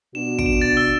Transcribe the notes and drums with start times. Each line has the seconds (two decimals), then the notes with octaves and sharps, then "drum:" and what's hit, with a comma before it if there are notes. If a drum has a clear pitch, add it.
0.15 B2 B3 D4 F#4 E7
0.39 D7, drum: kick
0.46 E7
0.53 D7
0.61 A6
0.77 E6